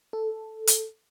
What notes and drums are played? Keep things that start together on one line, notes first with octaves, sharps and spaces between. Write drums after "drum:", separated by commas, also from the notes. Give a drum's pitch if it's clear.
A4
drum: hi-hat